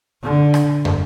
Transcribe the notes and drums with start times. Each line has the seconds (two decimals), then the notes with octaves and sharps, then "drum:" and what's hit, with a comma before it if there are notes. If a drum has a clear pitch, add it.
0.23 D3
0.54 drum: rim click
0.85 drum: tom